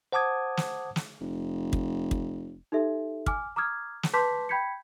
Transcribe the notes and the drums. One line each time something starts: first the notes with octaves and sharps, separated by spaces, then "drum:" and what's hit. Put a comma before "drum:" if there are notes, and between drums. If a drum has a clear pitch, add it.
C5 F#5 A5 D6 D#6 G#6
drum: snare
drum: snare
F1
drum: kick
drum: kick
D#4 G4 A4 E5
G#5 D6 F6, drum: kick
A#5 D6 D#6 F6 G#6
drum: snare
B4 A5 C6 D6 G6 B6
G5 B5 G6 G#6 B6 C#7